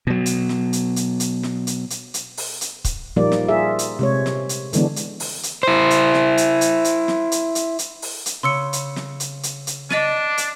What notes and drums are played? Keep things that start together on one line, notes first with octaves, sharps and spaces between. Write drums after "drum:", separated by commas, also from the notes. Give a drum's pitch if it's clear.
B2 F#3
drum: hi-hat
drum: snare
drum: hi-hat
drum: hi-hat
drum: hi-hat
drum: snare
drum: hi-hat
drum: hi-hat
drum: hi-hat
drum: open hi-hat
drum: hi-hat
drum: kick C#1, hi-hat
A#2 F3 G3 A#3 D#4 D5
drum: snare
F4 G#4 A#4 E5
drum: hi-hat
C3 G#3 C#5
drum: snare
drum: hi-hat
D3 E3 G#3 B3 D4, drum: hi-hat
drum: hi-hat
drum: open hi-hat
drum: hi-hat
E4 C5
drum: hi-hat
drum: snare
drum: hi-hat
drum: hi-hat
drum: hi-hat
drum: snare
drum: hi-hat
drum: hi-hat
drum: hi-hat
drum: open hi-hat
drum: hi-hat
C#3 C6 E6 C#7
drum: hi-hat
drum: snare
drum: hi-hat
drum: hi-hat
drum: hi-hat
D4 D#5 A6 D#7, drum: snare
drum: hi-hat